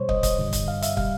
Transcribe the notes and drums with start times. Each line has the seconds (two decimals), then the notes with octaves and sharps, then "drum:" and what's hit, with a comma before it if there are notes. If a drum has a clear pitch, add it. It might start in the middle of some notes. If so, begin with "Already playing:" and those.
Already playing: B2 G3 C5 C#5
0.09 D#5, drum: kick
0.23 D#5, drum: kick, hi-hat
0.37 G2 D3 G3
0.53 drum: kick, hi-hat
0.68 F5
0.82 E5, drum: hi-hat
0.97 B2 G3 F5, drum: kick